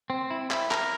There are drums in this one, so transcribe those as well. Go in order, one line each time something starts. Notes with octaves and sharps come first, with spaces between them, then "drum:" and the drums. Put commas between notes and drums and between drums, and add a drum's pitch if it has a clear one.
C4
E4
E4, drum: clap
A#4, drum: clap